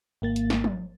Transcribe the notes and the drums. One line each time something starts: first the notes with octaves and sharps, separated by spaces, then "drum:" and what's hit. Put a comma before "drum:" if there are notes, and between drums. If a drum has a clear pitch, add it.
G#1 A#3 A6
drum: hi-hat
drum: snare
drum: tom